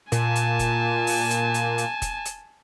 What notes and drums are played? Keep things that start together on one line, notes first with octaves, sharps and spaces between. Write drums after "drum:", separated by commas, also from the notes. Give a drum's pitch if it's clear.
A#2 G#5 A5, drum: hi-hat
drum: hi-hat
drum: kick F1, hi-hat
drum: open hi-hat
drum: hi-hat
drum: hi-hat
drum: hi-hat
drum: kick F1, hi-hat
drum: hi-hat